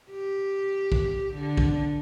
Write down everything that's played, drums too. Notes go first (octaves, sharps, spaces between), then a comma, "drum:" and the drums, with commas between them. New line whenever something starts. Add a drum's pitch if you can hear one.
G4
drum: kick
D3
drum: kick